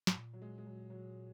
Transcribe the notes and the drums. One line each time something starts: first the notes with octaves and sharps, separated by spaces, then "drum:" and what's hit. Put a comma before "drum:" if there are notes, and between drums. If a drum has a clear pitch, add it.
G#2, drum: snare
A#2
F#3
G#3
G#3
F#3
F#3